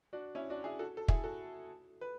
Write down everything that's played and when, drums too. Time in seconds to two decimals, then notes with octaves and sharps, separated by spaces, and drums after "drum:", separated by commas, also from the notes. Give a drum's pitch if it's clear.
0.13 D4 F#4
0.35 C#4 E4
0.50 D4 F#4
0.64 E4 G#4
0.79 F#4 A4
0.97 A4
1.08 E4 G#4, drum: kick
1.24 F#4 A4
2.01 B4